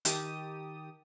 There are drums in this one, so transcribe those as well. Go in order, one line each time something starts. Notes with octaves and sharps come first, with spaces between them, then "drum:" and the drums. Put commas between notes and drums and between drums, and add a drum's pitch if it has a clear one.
D#3 G4 A5 D#6, drum: hi-hat